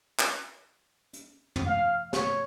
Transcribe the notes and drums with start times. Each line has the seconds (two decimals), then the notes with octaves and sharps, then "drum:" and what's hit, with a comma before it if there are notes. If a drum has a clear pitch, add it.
0.19 drum: clap
1.13 drum: hi-hat
1.56 drum: tom
1.66 F5
2.13 C#5, drum: snare